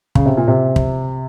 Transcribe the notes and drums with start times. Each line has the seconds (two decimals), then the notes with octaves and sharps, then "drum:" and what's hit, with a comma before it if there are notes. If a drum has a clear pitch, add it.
0.15 C#3, drum: kick
0.26 C3
0.37 A#2
0.48 C3
0.76 drum: kick